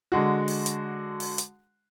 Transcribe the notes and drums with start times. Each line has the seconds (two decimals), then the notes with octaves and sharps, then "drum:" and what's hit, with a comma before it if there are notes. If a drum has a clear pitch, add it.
0.12 D3 G#3 F#4
0.48 drum: open hi-hat
0.66 drum: hi-hat
1.20 drum: open hi-hat
1.38 drum: hi-hat